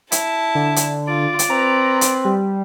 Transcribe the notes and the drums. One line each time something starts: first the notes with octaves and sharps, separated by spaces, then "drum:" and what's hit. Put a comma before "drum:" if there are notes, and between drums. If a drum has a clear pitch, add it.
E4 A5, drum: hi-hat
D3
drum: hi-hat
F4 D5
drum: hi-hat
C4 B4 A#5
drum: hi-hat
G3